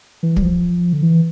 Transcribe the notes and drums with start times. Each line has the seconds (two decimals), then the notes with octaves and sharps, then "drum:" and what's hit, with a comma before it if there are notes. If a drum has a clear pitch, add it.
0.23 E3
0.36 G3, drum: kick
0.43 F3
0.93 D3
1.03 E3